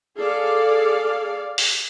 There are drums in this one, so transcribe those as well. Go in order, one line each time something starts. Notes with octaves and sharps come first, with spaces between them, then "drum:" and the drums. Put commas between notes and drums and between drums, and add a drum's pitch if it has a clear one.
G#4 A4 D5 F5
drum: open hi-hat